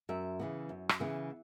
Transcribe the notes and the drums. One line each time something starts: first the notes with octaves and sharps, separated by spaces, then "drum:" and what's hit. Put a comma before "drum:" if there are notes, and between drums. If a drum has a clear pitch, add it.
F#2 E5
C#3 E3 B3
F#2
drum: rim click
C#3 E3 B3